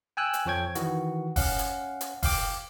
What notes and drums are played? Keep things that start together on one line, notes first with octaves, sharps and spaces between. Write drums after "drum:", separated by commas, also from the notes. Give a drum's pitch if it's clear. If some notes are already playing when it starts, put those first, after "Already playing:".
G5 G#5 E6 F#6
drum: hi-hat
F2 F3 C#5 G5 G#6
D#3 E3 F#4, drum: hi-hat
C#4 F5 F#5, drum: kick F1, open hi-hat
drum: hi-hat
drum: hi-hat
F5 G5 D6, drum: kick F1, open hi-hat